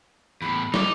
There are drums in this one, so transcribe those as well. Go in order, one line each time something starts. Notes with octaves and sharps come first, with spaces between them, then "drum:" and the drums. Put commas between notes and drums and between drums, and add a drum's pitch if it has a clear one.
E2 A2 B5
D#4 D6, drum: snare